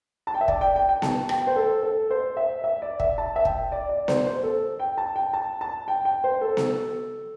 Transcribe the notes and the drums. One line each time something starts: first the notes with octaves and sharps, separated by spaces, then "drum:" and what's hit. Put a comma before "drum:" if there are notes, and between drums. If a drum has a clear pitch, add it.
A5
G5
E5
D5, drum: kick
G5
G5
G5
A5, drum: snare B3
G5, drum: rim click
C5
A4
A4
C5
E5
E5
D5
E5, drum: kick
A5
E5
G5, drum: kick
D5
D5
C5, drum: snare B3
C5
A4
G5
A5
G5
A5
A5
G5
G5
C5
A4
drum: snare B3